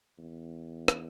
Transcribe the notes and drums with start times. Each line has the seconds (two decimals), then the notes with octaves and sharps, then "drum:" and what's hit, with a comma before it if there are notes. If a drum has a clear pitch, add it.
0.18 E2
0.88 drum: rim click